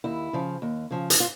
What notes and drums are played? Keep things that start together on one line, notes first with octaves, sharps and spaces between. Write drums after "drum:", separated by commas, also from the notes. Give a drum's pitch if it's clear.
D#2 E4
C#3 F3
D#2
C#3 F3
drum: hi-hat
F4